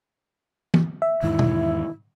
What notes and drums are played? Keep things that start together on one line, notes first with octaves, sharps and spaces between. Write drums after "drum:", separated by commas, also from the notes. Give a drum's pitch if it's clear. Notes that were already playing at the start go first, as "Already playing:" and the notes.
drum: tom
E5
E2 G#2 D#3 E4
drum: tom B2